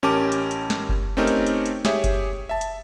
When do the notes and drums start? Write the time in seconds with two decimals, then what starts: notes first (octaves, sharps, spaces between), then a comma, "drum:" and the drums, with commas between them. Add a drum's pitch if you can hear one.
0.03 A1 C#4 G4 A#4 A5 D6
0.32 drum: hi-hat
0.51 drum: hi-hat
0.70 drum: snare
0.89 drum: kick F#1
1.17 A3 C4 C#4 D#4 G4 A#4
1.27 drum: hi-hat
1.46 drum: hi-hat
1.66 drum: hi-hat
1.85 G4 G#4 C#5 E5, drum: snare
2.04 drum: kick F#1, hi-hat
2.49 E5 A5
2.61 drum: hi-hat